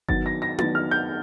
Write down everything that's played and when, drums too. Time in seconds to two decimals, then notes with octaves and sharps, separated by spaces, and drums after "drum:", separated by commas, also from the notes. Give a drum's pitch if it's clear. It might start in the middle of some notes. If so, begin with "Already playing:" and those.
0.08 D#3 F#3 B3 A6, drum: kick G1
0.26 A#6
0.42 A#6
0.58 D#3 F#3 B3 A6, drum: tom E4
0.75 F6
0.91 G6